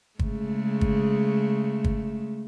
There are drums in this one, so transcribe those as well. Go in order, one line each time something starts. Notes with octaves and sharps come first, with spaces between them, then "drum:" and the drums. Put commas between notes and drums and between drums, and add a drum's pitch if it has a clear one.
C#3 G#3 A3, drum: kick
drum: kick
drum: kick